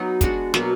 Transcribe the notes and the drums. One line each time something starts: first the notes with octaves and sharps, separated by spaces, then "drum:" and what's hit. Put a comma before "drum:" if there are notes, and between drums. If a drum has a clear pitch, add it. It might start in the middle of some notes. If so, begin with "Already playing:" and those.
Already playing: F#3 B3 D#4
G#3 D4 F#4, drum: kick, hi-hat
B2 F#3 A#3, drum: snare